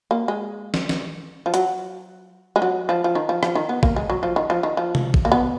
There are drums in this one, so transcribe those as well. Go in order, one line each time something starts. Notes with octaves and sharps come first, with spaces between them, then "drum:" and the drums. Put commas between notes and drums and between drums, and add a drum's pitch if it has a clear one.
A#3
G#3
drum: snare
drum: snare
F3
F#3, drum: hi-hat
G#3
F#3
F3
F3
D#3
F3
F3, drum: rim click
D#3
B3
A#3, drum: kick A1
G#3
F#3
F3
D#3
F3
D#3
F3
drum: tom C3
drum: kick A1
A#3
B3